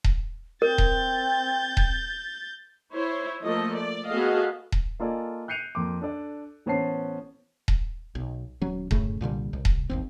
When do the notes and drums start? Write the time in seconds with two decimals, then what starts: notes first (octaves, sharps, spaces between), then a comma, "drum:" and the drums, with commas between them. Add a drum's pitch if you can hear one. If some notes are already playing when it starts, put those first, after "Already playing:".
0.04 drum: kick D#1
0.62 C4 A#4 G6 A6
0.78 drum: kick D#1
1.77 drum: kick D#1
2.91 E4 C5 C#5
3.43 F3 A3 A#3 A4 D#5
3.79 D5
4.09 B3 F#4 G#4 A4 D#5 F5
4.72 drum: kick D#1
5.00 A#3 F4 A4 D5 D#5 G#5
5.48 F#6 G6 C7 C#7 D#7 F7
5.75 F2 A#3 C6 D6
6.01 D4 A4 D5
6.66 A1 B3 C#4 C5 A5 C7
7.68 drum: kick D#1
8.15 B1
8.62 D#1 F#3 C#4
8.91 F#2 A2 C#3 A3, drum: kick D#1
9.21 C2 A#2 D3 G3
9.53 C2
9.65 drum: kick D#1
9.90 G1 D#2 C4